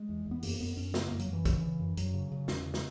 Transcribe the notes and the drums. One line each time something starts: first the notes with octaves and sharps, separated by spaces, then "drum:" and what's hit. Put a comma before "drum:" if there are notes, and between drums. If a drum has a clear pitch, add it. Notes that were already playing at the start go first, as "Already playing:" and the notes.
Already playing: G#3
E2
E2
B3
F#2 A#3, drum: open hi-hat
F#2 B3
F#2 C#4
C#3 B3, drum: snare
F#2 A#3
F#3, drum: hi-hat
F#2 E3
C#3, drum: kick, hi-hat
C#3
F#2
F#2 F#3, drum: hi-hat
C#3
C#3
E2 C#4, drum: snare
C#3
drum: snare